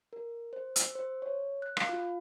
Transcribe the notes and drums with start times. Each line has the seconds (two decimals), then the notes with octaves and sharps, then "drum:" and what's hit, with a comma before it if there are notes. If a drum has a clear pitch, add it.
0.13 A#4
0.53 C5
0.76 E6, drum: hi-hat
0.95 C5
1.22 C#5
1.62 F#6
1.77 F5, drum: rim click
1.89 F4